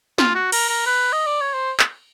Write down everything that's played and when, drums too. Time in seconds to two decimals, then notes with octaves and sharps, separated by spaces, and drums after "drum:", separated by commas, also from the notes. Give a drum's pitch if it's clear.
0.18 F4, drum: snare
0.35 F#4
0.52 A#4, drum: cymbal
0.69 A#4
0.86 B4
1.13 D#5
1.27 D5
1.41 C#5
1.54 C5
1.80 drum: clap